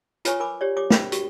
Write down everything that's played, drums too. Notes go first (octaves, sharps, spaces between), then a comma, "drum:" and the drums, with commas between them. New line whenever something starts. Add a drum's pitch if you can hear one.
F4 B4 C#5 G#5 C#6 D#6, drum: hi-hat
A#4 G#5 B5 D6
G4 C#5 D5
G4 C#5 D6 D#6
D4 A#4 C5 G5 B5, drum: snare
F#4 G4 C#6, drum: hi-hat